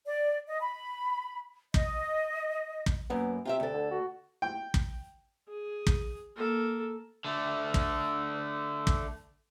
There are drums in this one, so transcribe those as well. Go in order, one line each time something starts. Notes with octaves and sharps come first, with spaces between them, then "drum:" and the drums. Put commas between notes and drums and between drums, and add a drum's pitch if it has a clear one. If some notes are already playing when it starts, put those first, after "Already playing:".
D5
D#5
B5
D#5, drum: kick
drum: kick
F#2 A#3 B3
C3 F4 G4 E5
D2 A4
D3
F#4
G5
drum: kick
G#4
drum: kick
A#3 A4
D3 A3
drum: kick
drum: kick